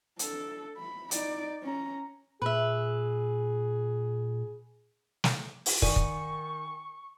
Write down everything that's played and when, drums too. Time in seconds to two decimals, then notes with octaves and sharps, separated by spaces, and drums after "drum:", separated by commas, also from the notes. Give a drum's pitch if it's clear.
0.19 D4 A4, drum: hi-hat
0.77 B5
1.11 D#4 D5, drum: hi-hat
1.63 C#4 A#5
2.42 A#2 G#4 B4 E5
5.24 drum: snare
5.66 drum: open hi-hat
5.82 D#3 A#4 D5 F#5 G#5 C#6, drum: kick
5.96 drum: kick